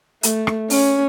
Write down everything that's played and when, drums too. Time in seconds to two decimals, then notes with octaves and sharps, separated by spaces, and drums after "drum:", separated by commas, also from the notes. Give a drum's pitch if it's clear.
0.23 A3, drum: hi-hat
0.47 drum: rim click
0.70 C#4, drum: open hi-hat